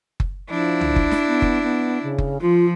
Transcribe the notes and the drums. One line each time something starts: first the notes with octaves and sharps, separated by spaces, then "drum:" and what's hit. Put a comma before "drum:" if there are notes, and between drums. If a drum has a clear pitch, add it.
drum: kick F#1
F3 D4 E4
drum: tom C2
drum: kick F#1
drum: snare
B3
drum: kick F#1
B3
C#3
drum: kick F#1
F3 F4